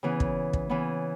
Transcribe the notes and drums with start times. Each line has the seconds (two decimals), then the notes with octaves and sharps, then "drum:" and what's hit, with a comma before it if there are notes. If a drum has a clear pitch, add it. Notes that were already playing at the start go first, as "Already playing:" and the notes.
0.03 C#3 E3 B3
0.20 drum: kick
0.53 drum: kick
0.69 C#3 E3 B3